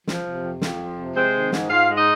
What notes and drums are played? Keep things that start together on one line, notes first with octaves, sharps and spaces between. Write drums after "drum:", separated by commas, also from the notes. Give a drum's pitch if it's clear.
F3, drum: snare
C3
F2
F2, drum: snare
F3
C3
G#3 C4 C5
D#3
G#2, drum: snare
G#2 F4 F5
G#3
D#4 D#5